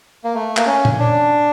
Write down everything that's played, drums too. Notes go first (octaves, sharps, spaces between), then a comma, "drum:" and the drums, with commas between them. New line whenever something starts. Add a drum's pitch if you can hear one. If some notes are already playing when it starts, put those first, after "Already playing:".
A#3
A3
A#3, drum: clap
C#4
drum: tom A#2
D4